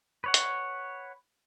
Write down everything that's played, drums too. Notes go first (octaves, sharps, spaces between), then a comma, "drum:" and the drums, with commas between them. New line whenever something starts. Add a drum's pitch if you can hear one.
B4 C#5 F#5
drum: hi-hat